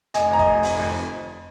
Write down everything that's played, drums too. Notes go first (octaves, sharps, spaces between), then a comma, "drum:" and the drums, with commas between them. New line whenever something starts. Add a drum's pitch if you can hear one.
F1 D#5 G#5, drum: hi-hat
F2 A#5
D#5 G#5, drum: kick
F1
F1, drum: open hi-hat
F2